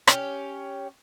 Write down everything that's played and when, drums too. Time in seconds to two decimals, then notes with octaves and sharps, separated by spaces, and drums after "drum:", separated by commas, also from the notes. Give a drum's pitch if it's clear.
0.07 C#4 G4, drum: rim click